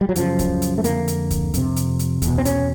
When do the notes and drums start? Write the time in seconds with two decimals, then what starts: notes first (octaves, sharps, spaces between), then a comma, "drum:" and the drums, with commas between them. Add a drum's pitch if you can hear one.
0.01 G3
0.09 F#3
0.16 F#2 C#3 F3, drum: hi-hat
0.39 drum: kick C#2, hi-hat
0.62 drum: hi-hat
0.78 A3
0.84 F2 D3 A#3, drum: hi-hat
1.08 drum: hi-hat
1.31 drum: kick C#2, hi-hat
1.54 F2 C3, drum: hi-hat
1.76 drum: hi-hat
1.99 drum: hi-hat
2.22 E2 B2, drum: kick C#2, hi-hat
2.38 C4
2.45 C#4, drum: hi-hat